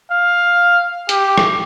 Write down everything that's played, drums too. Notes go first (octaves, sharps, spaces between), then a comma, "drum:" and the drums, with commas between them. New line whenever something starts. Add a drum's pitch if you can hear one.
F5
G4, drum: hi-hat
drum: rim click